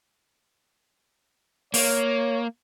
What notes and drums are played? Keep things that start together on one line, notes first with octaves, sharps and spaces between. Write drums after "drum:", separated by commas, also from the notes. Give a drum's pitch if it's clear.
A#3 C#5, drum: open hi-hat